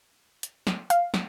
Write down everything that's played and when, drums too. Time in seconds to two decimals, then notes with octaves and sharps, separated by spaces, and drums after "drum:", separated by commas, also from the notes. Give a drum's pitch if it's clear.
0.43 drum: hi-hat
0.67 drum: snare
0.90 F5, drum: hi-hat
1.14 drum: snare